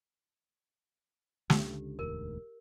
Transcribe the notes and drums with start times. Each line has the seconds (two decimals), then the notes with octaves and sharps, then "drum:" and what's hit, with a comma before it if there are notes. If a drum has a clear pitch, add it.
1.50 C#2 D3 G4, drum: snare
1.99 E1 D2 G#2 A#4